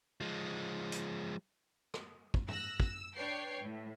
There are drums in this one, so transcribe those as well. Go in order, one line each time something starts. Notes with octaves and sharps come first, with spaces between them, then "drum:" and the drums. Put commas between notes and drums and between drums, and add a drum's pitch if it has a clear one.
F3 G#3
drum: hi-hat
drum: rim click
drum: kick
E6 F#6 A#6, drum: tom G#2
E6, drum: kick
D4 B4 C#5 G5 C7
A2